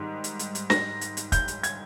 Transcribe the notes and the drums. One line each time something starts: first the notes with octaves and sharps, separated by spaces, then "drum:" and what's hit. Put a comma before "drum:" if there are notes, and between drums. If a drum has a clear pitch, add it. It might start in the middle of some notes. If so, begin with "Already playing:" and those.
Already playing: G#2 D#3 G3
drum: hi-hat
drum: hi-hat
drum: hi-hat
A#6, drum: snare
drum: hi-hat
drum: hi-hat
G6, drum: kick, hi-hat
drum: hi-hat
G#6, drum: hi-hat